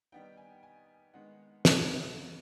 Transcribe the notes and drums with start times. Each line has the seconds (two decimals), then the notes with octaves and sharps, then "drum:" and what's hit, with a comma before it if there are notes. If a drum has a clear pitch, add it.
0.12 D#3 G3 B3 D#4 G5
0.37 G#5
0.63 G#5
1.14 D#3 G#3 B3 D#4 F#5
1.65 drum: snare
2.16 B2 F#3 B3 F5